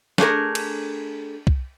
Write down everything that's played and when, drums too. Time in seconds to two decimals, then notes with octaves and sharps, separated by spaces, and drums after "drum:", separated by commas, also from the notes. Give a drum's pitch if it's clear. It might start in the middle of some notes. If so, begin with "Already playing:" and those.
0.18 A3 D4 G#4 A#4, drum: snare
0.55 drum: cymbal
1.47 drum: kick